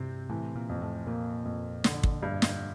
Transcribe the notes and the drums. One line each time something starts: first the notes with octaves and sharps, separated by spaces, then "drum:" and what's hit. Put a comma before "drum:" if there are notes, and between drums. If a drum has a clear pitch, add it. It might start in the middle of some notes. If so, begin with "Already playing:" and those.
Already playing: G2 C3 C4
A2 E3
A#2
F2
A2
A#2 A#3
F2
D3, drum: snare
drum: kick
G2
drum: snare